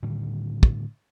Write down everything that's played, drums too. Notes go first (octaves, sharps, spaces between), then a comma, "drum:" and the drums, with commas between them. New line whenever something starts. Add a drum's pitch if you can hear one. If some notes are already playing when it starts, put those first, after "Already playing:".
A2 D3 D#3 G3
drum: kick